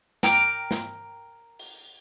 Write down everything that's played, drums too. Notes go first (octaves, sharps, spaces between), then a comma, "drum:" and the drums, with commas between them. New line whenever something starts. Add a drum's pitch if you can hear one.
A#4 G5 A#5 D6, drum: snare
drum: snare
drum: open hi-hat